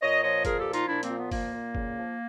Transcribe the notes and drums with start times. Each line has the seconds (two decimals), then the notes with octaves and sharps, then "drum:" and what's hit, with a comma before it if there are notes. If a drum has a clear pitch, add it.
0.02 A#2 C#5 D#5
0.23 F3 C#5 D#5
0.45 A#2 G#4 A#4, drum: kick, hi-hat
0.59 G4 A4
0.67 F3
0.73 D#4 F4, drum: hi-hat
0.88 A#2 D4 E4
1.03 A#3 C4, drum: hi-hat
1.10 F3
1.18 B3
1.31 A#2 A#3, drum: kick, open hi-hat
1.54 A#2
1.75 C#3, drum: kick
1.97 F3